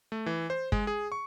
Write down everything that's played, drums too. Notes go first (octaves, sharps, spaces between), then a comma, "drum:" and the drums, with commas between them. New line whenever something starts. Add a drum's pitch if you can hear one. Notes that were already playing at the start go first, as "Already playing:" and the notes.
A3
E3
C5
G#3, drum: kick
G#4
C#6